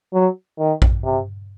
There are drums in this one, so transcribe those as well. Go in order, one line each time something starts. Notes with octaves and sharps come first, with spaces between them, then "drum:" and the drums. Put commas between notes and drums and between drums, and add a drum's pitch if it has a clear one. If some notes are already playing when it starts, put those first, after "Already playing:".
F#3
D#3
drum: kick A#1
C3